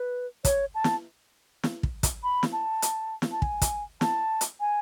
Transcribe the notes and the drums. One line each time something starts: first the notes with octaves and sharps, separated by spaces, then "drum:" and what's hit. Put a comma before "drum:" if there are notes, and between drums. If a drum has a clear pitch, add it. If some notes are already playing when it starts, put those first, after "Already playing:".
Already playing: B4
C#5, drum: kick, hi-hat
A5
drum: snare
drum: snare
drum: kick
drum: kick, hi-hat
B5
drum: snare
A5
drum: hi-hat
drum: snare
A5
G#5, drum: kick
drum: kick, hi-hat
A5, drum: snare
drum: hi-hat
G#5